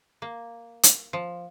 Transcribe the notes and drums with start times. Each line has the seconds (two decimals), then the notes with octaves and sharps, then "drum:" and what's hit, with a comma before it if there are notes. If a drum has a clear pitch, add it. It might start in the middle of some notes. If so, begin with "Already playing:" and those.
0.22 A#3
0.83 drum: hi-hat
1.13 F3